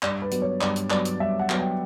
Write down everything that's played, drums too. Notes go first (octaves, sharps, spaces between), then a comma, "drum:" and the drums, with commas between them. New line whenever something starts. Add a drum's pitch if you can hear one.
G2 D5, drum: clap
B4
F#3 B3, drum: hi-hat
C#5
G2 D5, drum: clap
drum: hi-hat
F#3 B3 D5, drum: clap
drum: hi-hat
G2 E5
F#5
F#3 B3, drum: clap
G5